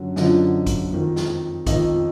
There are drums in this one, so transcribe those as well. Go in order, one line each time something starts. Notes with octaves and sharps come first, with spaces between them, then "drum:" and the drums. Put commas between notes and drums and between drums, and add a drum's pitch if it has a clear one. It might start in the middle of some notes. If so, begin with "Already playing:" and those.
Already playing: F#2 D3 F#4
F#2 D3 F3 D#5, drum: snare
drum: kick B1, hi-hat
F2 D#3
drum: snare
F2 D#3 D#5, drum: kick B1, hi-hat